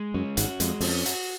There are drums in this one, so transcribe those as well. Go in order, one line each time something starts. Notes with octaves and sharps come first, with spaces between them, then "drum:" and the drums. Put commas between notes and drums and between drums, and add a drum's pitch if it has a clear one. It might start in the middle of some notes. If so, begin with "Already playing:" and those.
Already playing: G#3
F#2 C#4
G#1 G#2 F#4, drum: hi-hat
F2 G#3, drum: hi-hat
F2 C#4, drum: open hi-hat
F#4, drum: hi-hat